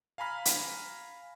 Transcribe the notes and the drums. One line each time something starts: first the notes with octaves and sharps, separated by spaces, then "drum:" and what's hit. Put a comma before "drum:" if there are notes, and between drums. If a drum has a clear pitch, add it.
F5 G#5 A#5 B5 F6
drum: hi-hat